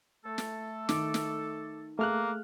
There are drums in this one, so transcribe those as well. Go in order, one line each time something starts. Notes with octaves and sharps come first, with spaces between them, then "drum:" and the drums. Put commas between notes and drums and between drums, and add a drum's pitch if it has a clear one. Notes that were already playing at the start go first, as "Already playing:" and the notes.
A3 A4
drum: snare
D#3 D6, drum: snare
drum: snare
A3 A#3 G#4 F5 F6 F#6